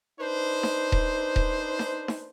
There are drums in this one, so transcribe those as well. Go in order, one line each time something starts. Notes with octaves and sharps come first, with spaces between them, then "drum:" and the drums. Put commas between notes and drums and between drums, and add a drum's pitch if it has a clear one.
D4 D#4 B4 C5
drum: snare D#4
drum: kick D#1
drum: kick D#1
drum: snare D#4
drum: snare D#4